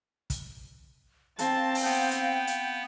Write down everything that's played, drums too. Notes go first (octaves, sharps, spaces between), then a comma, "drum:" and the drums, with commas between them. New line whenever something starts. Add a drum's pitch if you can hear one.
drum: kick, hi-hat
C4 F5 A5, drum: hi-hat
drum: open hi-hat
B3 G5
drum: hi-hat
drum: hi-hat